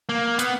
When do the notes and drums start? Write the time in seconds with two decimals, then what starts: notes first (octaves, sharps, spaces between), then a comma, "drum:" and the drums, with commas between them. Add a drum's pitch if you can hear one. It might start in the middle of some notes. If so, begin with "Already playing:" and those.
0.09 A#3
0.39 B3, drum: hi-hat